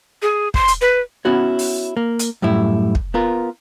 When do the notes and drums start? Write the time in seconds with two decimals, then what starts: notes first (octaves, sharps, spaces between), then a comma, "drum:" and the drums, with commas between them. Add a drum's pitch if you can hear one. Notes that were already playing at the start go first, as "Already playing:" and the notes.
0.22 G#4
0.54 C6, drum: kick
0.68 drum: hi-hat
0.81 B4
1.25 B3 C#4 E4 F#4 C#5
1.59 drum: open hi-hat
1.97 A#3
2.19 drum: hi-hat
2.42 F#2 A2 G3 E4
2.95 drum: kick
3.14 B3 F4 A#4